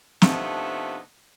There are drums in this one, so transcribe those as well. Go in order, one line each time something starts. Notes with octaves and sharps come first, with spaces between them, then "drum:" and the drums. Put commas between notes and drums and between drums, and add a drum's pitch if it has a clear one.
C3 F3 A3 B3 D4 D#4, drum: snare